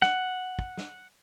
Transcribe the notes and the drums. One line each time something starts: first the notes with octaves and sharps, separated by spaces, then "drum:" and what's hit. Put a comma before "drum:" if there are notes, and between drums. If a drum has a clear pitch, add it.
F#5, drum: snare
drum: kick
drum: snare